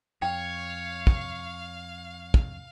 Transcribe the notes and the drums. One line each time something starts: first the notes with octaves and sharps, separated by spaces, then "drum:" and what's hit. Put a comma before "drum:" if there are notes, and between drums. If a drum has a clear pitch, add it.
F2 C#5 F5 G5
drum: kick
drum: kick